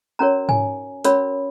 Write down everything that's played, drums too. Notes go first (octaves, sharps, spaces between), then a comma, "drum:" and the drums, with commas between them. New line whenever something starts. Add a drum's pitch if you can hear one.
C#4 F#4 A#4 C#5 A#5
G#5, drum: tom G#2
C#4 F#4 A#4 C#5 B5, drum: hi-hat